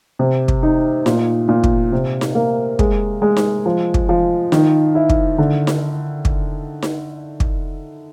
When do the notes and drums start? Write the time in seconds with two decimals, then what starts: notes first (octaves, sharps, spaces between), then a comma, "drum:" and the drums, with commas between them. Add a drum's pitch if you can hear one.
0.19 C3
0.48 drum: kick
0.63 D#4
1.06 A#2, drum: snare D#4
1.49 A#2
1.64 drum: kick
1.92 C3
2.21 drum: snare D#4
2.35 A#3
2.79 G#3, drum: kick
3.22 G#3
3.37 drum: snare D#4
3.66 F3
3.94 drum: kick
4.09 F3
4.52 D#3, drum: snare D#4
4.95 E4
5.09 drum: kick
5.38 D3
5.67 drum: snare D#4
6.25 drum: kick
6.82 drum: snare D#4
7.40 drum: kick